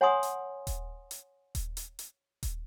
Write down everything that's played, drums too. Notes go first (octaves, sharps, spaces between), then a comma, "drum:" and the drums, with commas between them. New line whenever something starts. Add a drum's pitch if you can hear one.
C#5 F#5 G#5 A#5 C6 D#6
drum: hi-hat
drum: kick D#1, hi-hat
drum: hi-hat
drum: kick D#1, hi-hat
drum: hi-hat
drum: hi-hat
drum: kick D#1, hi-hat